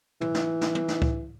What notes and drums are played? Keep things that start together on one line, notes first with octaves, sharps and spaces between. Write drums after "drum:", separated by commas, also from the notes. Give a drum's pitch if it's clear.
E3, drum: tom
drum: snare
drum: snare
drum: tom
drum: snare
drum: kick C#2